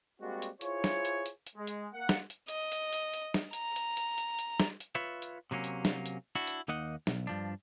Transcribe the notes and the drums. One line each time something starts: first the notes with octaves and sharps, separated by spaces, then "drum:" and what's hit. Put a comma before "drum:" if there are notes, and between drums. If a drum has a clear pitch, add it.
G3 G#3 A#3 C4 D4 F#4
drum: hi-hat
E4 F4 G#4 C5 C#5, drum: hi-hat
drum: snare
drum: hi-hat
drum: hi-hat
drum: hi-hat
G#3
drum: hi-hat
A#3 F#5
drum: snare
drum: hi-hat
D#5, drum: hi-hat
drum: hi-hat
drum: hi-hat
drum: hi-hat
drum: snare
A#5, drum: hi-hat
drum: hi-hat
drum: hi-hat
drum: hi-hat
drum: hi-hat
drum: snare
drum: hi-hat
F4 B4 C#5 E5
drum: hi-hat
C3 F#3 A#3 C#4
drum: hi-hat
drum: snare
drum: hi-hat
D4 E4 F#4
drum: hi-hat
D#2 A#3 D#4 D#5 F#5
B1, drum: snare
G2 F3 D4